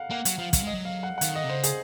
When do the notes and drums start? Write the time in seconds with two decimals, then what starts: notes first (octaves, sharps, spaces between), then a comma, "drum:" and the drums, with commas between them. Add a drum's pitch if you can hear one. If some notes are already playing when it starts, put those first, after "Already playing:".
Already playing: F5 F#5
0.10 A#3 F#5
0.25 F#3, drum: hi-hat
0.38 F3 F5
0.53 F#3, drum: kick, hi-hat
0.63 G#3 D#5
0.74 F#3
0.85 F5
1.03 F#5
1.18 F#5
1.21 D#3 F5, drum: hi-hat
1.35 D#5
1.44 C3
1.49 C#3 C5
1.63 G#4, drum: hi-hat